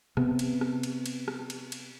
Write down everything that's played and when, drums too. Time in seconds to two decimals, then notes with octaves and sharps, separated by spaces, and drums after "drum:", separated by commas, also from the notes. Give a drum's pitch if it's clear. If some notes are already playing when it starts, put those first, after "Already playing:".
0.17 C3 B3, drum: rim click
0.39 drum: cymbal
0.61 drum: rim click
0.83 drum: cymbal
1.06 drum: cymbal
1.28 drum: rim click
1.50 drum: cymbal
1.72 drum: cymbal